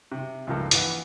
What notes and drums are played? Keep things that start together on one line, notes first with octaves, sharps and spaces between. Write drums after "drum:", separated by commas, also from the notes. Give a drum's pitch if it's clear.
C3
C#2 G2 F3 A#3 A4
A#1 E3 F#5, drum: hi-hat